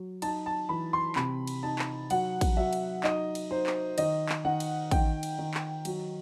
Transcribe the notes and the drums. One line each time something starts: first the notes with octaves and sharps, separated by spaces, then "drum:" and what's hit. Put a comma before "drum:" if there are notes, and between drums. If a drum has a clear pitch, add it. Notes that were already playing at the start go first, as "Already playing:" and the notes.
Already playing: F#3
D#4 A5, drum: cymbal
A5
E3 B5
C6
C3 B5, drum: clap
drum: cymbal
D#4 A5
drum: clap
F#3 F#5, drum: cymbal
drum: kick A1, cymbal
F#3 E5
drum: cymbal
D#4 D#5, drum: clap
drum: cymbal
D#4 C5
drum: clap
D#3 D#5, drum: cymbal
drum: clap
D#3 F#5
drum: cymbal
D#3 G5, drum: kick A1, cymbal
drum: cymbal
D#3
drum: clap
F#3, drum: cymbal